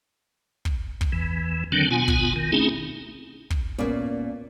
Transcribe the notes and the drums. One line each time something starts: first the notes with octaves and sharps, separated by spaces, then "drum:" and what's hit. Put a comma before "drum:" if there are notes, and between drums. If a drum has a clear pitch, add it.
drum: kick
drum: kick
E2 E3
D3 D#3 F#3 C4 D4
B2 B3 F4 G#5
drum: kick
D#3
A3 C4 C#4 D#4 E4 G#4
drum: kick
A#2 A#3 B3 C#4 D5